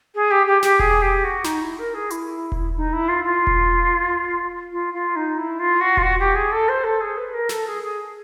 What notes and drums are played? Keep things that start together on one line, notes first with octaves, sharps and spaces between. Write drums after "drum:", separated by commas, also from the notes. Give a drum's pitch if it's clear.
G#4
G4
G4
G4, drum: snare
G#4, drum: kick E1
G4
F#4
D#4, drum: snare
E4
A#4
G#4
E4, drum: hi-hat
drum: kick E1
D#4
E4
F4
F4
drum: kick E1
F4
F4
D#4
E4
F4
F#4
F4, drum: kick E1
F#4
G4
G#4
A4
C5
A4
G#4
B4
A#4
A4, drum: snare
G#4
G#4